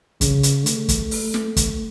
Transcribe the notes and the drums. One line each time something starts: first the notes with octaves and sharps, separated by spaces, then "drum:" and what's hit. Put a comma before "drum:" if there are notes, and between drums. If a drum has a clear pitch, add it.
C#3, drum: kick, hi-hat
drum: hi-hat
A3, drum: hi-hat
drum: kick, hi-hat
drum: open hi-hat
drum: snare
drum: kick, hi-hat